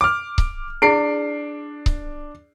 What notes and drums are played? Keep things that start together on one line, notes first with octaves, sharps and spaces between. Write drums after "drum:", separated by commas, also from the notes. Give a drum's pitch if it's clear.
D6 F6
drum: kick C#1
D4 E4 G#4 C7 D7
drum: kick C#1